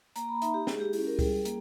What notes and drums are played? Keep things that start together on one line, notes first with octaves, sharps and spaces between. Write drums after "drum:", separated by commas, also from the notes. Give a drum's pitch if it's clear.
A#3 A#5, drum: hi-hat
B5
D#4 E5, drum: hi-hat
G4
G#3 G#4, drum: snare
G4
C#4 E4 G#4, drum: open hi-hat
A#4
G3 G#4, drum: kick C#2, open hi-hat
A#3, drum: hi-hat